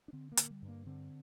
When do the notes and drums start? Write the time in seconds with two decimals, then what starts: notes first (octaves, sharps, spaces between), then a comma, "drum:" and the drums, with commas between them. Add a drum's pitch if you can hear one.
0.08 D4
0.13 D3 C4
0.32 A#3
0.37 D3, drum: hi-hat
0.50 G3
0.62 G2
0.68 A#3
0.86 D3 C4